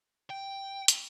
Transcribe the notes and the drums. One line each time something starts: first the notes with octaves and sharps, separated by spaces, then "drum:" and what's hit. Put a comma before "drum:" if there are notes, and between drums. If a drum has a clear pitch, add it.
G5
drum: hi-hat